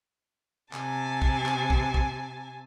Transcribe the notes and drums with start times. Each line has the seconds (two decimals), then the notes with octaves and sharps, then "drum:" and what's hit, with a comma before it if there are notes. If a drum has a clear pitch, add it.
0.73 C3 G#5 A5, drum: clap
1.22 drum: kick
1.46 drum: clap
1.70 drum: kick
1.94 drum: kick